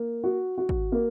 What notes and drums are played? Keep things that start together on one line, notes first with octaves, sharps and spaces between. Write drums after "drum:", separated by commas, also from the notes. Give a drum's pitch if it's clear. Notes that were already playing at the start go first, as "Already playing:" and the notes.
Already playing: A#3
F#4
F#4
drum: kick
A#3